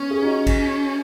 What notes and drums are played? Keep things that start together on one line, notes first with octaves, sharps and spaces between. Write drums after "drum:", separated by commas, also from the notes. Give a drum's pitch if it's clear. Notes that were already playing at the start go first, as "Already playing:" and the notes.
Already playing: B3 C#4
G#4
D#4 F#4
drum: kick, cymbal